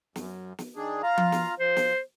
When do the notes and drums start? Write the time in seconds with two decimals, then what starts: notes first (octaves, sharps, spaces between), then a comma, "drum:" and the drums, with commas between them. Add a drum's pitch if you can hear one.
0.16 F#2, drum: snare
0.58 drum: snare
0.76 D#3 D4 G#4
1.03 F4 F5 A#5
1.18 drum: tom F3
1.32 drum: snare
1.60 F3 C5
1.77 drum: snare